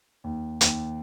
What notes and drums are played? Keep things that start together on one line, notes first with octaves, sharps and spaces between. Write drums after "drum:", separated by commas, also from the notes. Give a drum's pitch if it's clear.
D#2
D#2, drum: hi-hat